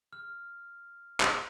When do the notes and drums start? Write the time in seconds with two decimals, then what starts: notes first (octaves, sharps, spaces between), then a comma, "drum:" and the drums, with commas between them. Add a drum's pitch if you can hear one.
0.13 F6
1.20 drum: clap